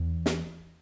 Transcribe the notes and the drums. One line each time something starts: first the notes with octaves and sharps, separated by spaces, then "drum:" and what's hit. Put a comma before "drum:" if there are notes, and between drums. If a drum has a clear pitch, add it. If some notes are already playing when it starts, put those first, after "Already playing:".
Already playing: E2
drum: snare